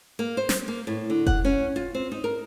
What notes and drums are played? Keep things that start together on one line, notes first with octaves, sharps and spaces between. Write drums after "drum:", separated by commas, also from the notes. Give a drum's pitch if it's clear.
A#3
C5
drum: snare
A#3
A2
D3
F#5, drum: kick F1
C#4
F4
C4
D#4
A#4